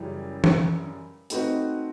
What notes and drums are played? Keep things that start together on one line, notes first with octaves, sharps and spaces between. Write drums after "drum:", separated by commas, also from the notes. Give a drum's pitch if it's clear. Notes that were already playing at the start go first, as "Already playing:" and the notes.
Already playing: F#2 C#3 E3 G3
drum: tom
A3 C4 D#4 F#4 B4, drum: hi-hat